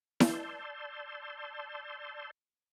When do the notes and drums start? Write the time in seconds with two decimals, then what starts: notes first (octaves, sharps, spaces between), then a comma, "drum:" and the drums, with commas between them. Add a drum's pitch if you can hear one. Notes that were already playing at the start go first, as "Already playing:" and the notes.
0.20 D5 A5 C6 E6 G6, drum: snare E4